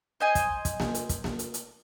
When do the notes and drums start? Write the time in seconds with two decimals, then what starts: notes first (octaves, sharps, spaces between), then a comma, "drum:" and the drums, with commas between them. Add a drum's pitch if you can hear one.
0.20 C5 D#5 G#5
0.35 drum: kick, hi-hat
0.65 drum: kick, hi-hat
0.80 drum: snare A#3
0.95 drum: hi-hat
1.09 drum: kick, hi-hat
1.24 drum: snare A#3
1.39 drum: hi-hat
1.54 drum: hi-hat